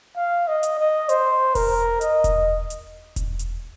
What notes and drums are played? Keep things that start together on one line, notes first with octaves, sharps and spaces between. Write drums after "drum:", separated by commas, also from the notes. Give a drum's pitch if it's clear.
F5
D#5
drum: hi-hat
D#5
C5, drum: hi-hat
A#4, drum: kick E1, open hi-hat
D#5, drum: hi-hat
drum: kick E1, hi-hat
drum: hi-hat
drum: kick E1, hi-hat
drum: hi-hat